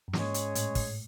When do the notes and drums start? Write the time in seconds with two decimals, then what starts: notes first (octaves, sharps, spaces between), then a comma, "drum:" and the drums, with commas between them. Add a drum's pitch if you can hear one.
0.08 F#2
0.13 G#2 G#3 C#4 G#4 C#5, drum: snare
0.34 drum: hi-hat
0.55 A2, drum: hi-hat
0.75 drum: kick, open hi-hat